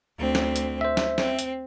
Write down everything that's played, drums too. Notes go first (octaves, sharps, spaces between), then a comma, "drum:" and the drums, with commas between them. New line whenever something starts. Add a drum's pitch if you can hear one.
D2 C4
drum: snare
drum: hi-hat
C5 E5
drum: snare
C4, drum: snare
drum: hi-hat